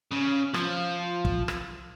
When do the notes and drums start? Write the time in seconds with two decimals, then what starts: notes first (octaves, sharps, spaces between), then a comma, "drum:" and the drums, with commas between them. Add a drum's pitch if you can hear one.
0.11 C#3
0.54 F3, drum: rim click
1.25 drum: kick
1.48 drum: rim click